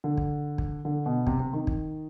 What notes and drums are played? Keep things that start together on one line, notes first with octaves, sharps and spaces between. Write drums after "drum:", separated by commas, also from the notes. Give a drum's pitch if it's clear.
D3
drum: kick
drum: kick
D3
B2
C3, drum: kick
C3
D#3
drum: kick